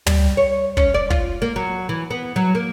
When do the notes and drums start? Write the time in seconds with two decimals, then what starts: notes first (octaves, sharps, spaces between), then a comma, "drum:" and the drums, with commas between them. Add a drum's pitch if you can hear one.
0.06 G3, drum: tom
0.37 C#5
0.77 C#4, drum: kick
0.94 D5
1.10 F4, drum: kick
1.42 A#3
1.56 F#3
1.89 E3
2.11 B3
2.36 F#3
2.55 A#3